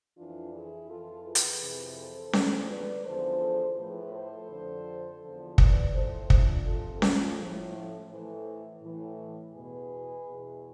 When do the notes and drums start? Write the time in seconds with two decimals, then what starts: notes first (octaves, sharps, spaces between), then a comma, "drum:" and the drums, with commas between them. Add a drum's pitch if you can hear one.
0.17 F2 E3 D4 F4
0.53 E4 G#4
0.88 F2 E3 F4 A4
1.25 G#4 B4
1.35 drum: hi-hat
1.62 F2 C3 E3
1.97 A4 C5
2.33 E2 D3 F3, drum: snare C#4
2.69 B4 D5
3.05 E2 D3 F3 A4 C5
3.78 A2 F3 G#4 B4
4.14 A4 C5
4.50 F2 D3 F3
5.22 E2 D3 F3
5.58 B4 D5, drum: kick
5.94 A2 F3 A4 C5
6.30 D4 F4, drum: kick
6.66 F2 C3 F3 F4 A4
7.02 F4 A4, drum: snare C#4
7.39 A2 F3
8.10 A2 E3 A4 C5
8.82 A2 E3
9.54 E2 B2 G#4 B4
10.28 E2 B2